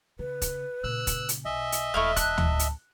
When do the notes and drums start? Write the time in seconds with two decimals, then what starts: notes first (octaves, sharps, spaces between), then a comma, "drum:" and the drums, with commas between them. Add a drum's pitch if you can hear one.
0.19 C#3 B4
0.42 drum: kick, hi-hat
0.84 A#2 C#3 E6 F#6
1.07 drum: kick, hi-hat
1.29 drum: hi-hat
1.45 B1 D#5 E5 G#5
1.72 drum: hi-hat
1.94 E1 E2 A3 E4 F5
2.17 A5 F#6, drum: kick, hi-hat
2.38 drum: tom D2
2.59 drum: hi-hat